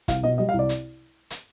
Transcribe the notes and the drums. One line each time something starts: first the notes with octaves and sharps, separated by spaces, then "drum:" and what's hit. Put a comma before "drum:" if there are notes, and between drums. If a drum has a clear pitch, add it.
C2 F5, drum: kick, hi-hat
B2 D#5
G3 D#5
F5
C2
D5
drum: hi-hat
drum: hi-hat